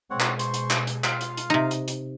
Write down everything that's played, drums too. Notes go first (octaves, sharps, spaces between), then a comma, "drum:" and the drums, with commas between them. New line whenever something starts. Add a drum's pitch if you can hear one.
B2 G#3 C4 C#5 F#5
drum: clap
C5 C6 C#6, drum: hi-hat
drum: hi-hat
drum: clap
drum: hi-hat
F4 F5, drum: clap
drum: hi-hat
drum: hi-hat
C3 D#4
drum: hi-hat
drum: hi-hat